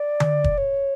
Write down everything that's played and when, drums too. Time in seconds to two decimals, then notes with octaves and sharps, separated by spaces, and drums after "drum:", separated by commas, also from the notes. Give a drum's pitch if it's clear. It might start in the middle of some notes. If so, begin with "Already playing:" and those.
Already playing: D5
0.20 drum: tom D3
0.44 drum: kick
0.58 C#5